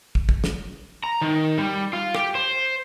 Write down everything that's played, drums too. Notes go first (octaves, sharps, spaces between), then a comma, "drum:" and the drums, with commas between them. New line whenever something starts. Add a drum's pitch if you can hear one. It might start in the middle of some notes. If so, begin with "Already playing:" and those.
drum: kick
drum: kick
drum: snare
A#5
D#3
G3
F4
G4, drum: rim click
C5